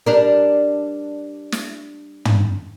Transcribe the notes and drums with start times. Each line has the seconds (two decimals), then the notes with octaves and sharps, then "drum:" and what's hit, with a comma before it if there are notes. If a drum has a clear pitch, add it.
0.06 G3 D4 A#4
1.52 drum: snare
2.25 drum: tom